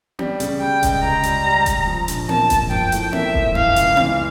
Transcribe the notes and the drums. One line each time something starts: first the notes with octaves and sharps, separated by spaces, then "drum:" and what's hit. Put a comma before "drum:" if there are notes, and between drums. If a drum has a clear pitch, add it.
G3, drum: tom B3
C#3, drum: hi-hat
G3 G5
C#2, drum: kick E1, hi-hat
C#2 A#5
G3, drum: hi-hat
G3
G3, drum: kick E1, hi-hat
F3
A#1, drum: hi-hat
A#3 A5, drum: tom B3
A#3, drum: kick E1, hi-hat
F3 G5, drum: tom F2
A2, drum: hi-hat
A#3 E5, drum: tom B3
F3, drum: kick E1
E3 F5, drum: tom F2
C#2, drum: hi-hat
E3, drum: tom B3